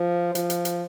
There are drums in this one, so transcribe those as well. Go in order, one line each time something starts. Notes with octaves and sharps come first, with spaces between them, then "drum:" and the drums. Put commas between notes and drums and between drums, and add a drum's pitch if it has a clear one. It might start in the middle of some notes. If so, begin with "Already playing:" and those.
Already playing: F3
F3, drum: hi-hat
drum: hi-hat
drum: hi-hat